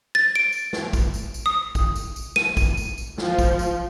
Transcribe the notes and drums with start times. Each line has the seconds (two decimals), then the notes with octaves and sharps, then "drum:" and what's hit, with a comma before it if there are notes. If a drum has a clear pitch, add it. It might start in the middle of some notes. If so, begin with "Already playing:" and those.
0.15 A6
0.36 D7
0.52 drum: tambourine
0.73 drum: snare
0.93 drum: kick, tambourine
1.14 drum: tambourine
1.34 drum: tambourine
1.46 D#6
1.75 drum: kick, tambourine
1.96 drum: tambourine
2.16 drum: tambourine
2.36 D#7, drum: snare
2.57 drum: kick, tambourine
2.77 drum: tambourine
2.98 drum: tambourine
3.18 F3, drum: snare
3.39 drum: kick, tambourine
3.59 drum: tambourine